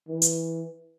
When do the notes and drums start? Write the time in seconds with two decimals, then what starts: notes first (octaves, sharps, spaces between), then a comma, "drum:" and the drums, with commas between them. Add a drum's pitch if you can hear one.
0.08 E3
0.22 drum: hi-hat